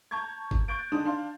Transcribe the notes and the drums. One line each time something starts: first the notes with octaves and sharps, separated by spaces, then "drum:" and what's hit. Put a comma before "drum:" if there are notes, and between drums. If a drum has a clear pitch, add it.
A5 A#5 C#6 G6 G#6
drum: kick G1
C#6 F#6 G6 A6 D7
D3 G#3 D4 D#6
D4 F5 C6